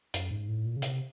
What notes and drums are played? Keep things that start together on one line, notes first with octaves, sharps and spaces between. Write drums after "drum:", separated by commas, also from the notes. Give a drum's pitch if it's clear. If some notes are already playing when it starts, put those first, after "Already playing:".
F#2, drum: hi-hat
G#2
A2
A#2
C#3
C3, drum: hi-hat